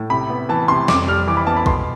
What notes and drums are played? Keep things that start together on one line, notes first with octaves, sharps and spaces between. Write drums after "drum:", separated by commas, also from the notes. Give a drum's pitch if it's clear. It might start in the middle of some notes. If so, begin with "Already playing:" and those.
Already playing: A2
C3 B5
B3
E3 A5
C3 C6
F2 D6, drum: snare
G3 F6
E3 D6
B5
B3 A5
B5
B2 C6, drum: kick